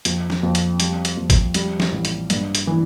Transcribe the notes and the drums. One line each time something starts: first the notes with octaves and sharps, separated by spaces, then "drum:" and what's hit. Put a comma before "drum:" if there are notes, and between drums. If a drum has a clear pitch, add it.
F2, drum: hi-hat
drum: snare
F2
drum: hi-hat
G3, drum: hi-hat
drum: hi-hat
F2
drum: kick A1, hi-hat
G3, drum: hi-hat
drum: snare
A1
drum: hi-hat
G2, drum: hi-hat
drum: hi-hat
E3